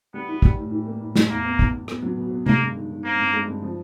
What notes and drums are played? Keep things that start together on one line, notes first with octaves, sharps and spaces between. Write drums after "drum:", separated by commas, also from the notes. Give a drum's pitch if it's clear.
G3 B3
E3
G3, drum: kick
A2
E3
A#3
A2
A2, drum: snare
E2 A#3
B3
E2, drum: kick
E2
B3, drum: rim click
F#3
B2
B3
G#3 A#3, drum: tom C3
G2
D#3
D#3
A#3 C4
G2
G#3
G2
F3